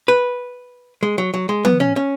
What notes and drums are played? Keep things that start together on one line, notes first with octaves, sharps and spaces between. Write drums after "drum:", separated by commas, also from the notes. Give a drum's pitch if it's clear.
B4
G#3
F#3
F#3
G#3
B3, drum: tom F3
C#4
C#4